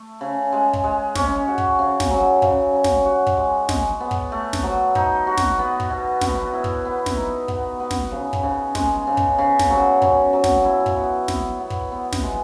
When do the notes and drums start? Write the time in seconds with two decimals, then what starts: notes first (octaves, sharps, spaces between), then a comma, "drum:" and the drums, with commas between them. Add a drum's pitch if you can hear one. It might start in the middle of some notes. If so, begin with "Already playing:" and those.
Already playing: A3
0.21 C#3
0.52 G#3
0.73 drum: kick
0.84 G#3
1.15 C#4, drum: snare
1.48 F#4
1.58 drum: kick
1.79 C#3
2.00 drum: snare
2.10 F#3
2.42 C#3, drum: kick
2.74 F#3
2.84 drum: snare
3.05 F#4
3.27 drum: kick
3.37 G#3
3.69 G#3, drum: snare
4.00 B3
4.11 drum: kick
4.32 A3
4.53 drum: snare
4.63 F#3
4.95 D#4, drum: kick
5.27 F#4
5.37 drum: snare
5.59 B3
5.80 drum: kick
5.90 B2
6.21 B3, drum: snare
6.53 E4
6.64 drum: kick
6.85 B3
7.06 drum: snare
7.17 D#4
7.48 B3, drum: kick
7.80 B3
7.91 drum: snare
8.12 C#3
8.33 drum: kick
8.43 C#3
8.75 G#3, drum: snare
9.07 C#3
9.17 drum: kick
9.38 C#3
9.59 drum: snare
9.70 F#3
10.02 C#3, drum: kick
10.33 F#3
10.44 drum: snare
10.65 E4
10.86 drum: kick
10.96 B3
11.28 B3, drum: snare
11.60 B3
11.70 drum: kick
11.92 B3
12.13 drum: snare
12.23 G#3